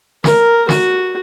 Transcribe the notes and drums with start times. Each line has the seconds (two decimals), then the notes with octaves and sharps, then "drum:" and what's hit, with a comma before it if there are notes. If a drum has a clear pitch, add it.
0.24 A#4, drum: snare
0.69 F#4, drum: snare